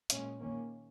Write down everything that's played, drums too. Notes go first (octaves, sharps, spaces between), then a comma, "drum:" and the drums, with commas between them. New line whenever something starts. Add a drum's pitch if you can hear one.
A#2 G#3 C#4, drum: hi-hat
D#3 A#3 C#4